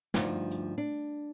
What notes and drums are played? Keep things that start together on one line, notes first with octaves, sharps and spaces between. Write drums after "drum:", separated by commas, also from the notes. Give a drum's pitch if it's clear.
D2 G2 F3 D#4, drum: snare
drum: hi-hat
D4